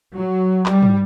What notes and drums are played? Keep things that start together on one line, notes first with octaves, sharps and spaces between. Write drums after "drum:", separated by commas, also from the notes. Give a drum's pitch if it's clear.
F#3
G3, drum: clap
drum: tom